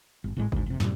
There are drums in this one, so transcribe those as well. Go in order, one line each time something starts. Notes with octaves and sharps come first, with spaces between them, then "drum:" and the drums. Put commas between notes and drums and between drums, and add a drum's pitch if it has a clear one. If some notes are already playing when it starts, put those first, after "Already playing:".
G1
G#1 A2 G#3
D2 G#2, drum: kick G1
F1 C3
F#2 A2 C3 G3, drum: snare